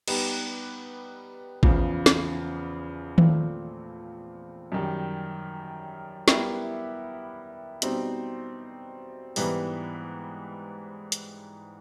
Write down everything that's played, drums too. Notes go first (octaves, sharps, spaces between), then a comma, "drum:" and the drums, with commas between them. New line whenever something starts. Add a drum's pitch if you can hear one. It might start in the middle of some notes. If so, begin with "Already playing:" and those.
G3 B3 D#4 G4 B4, drum: cymbal
E2 C#3 F3, drum: kick A1
drum: snare
A#2 F3 A3 C4 F4, drum: tom D#3
F#2 D#3 G3
G3 B3 E4 G4 A#4, drum: snare
B2 G3 C4 D#4, drum: hi-hat
G#2 E3 G3 B3, drum: open hi-hat
drum: hi-hat